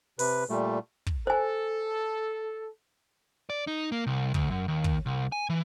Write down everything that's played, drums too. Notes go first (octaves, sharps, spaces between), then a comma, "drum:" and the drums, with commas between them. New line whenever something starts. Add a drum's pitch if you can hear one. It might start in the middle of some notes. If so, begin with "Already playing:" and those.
C3 B4, drum: open hi-hat
A#2 G3 A3
drum: kick
A4 C5 G#5
D5
D#4
A#3
C2
D2, drum: kick
F#2
D#2
drum: kick
C2
G#5
E3